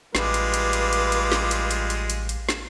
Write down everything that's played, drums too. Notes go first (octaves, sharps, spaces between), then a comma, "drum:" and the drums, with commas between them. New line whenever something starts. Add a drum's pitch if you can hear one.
A1 G3 G#3 F4 B4 D6, drum: snare
drum: hi-hat
drum: hi-hat
drum: hi-hat
drum: hi-hat
drum: hi-hat
drum: snare
drum: hi-hat
drum: hi-hat
drum: hi-hat
drum: hi-hat
drum: hi-hat
drum: snare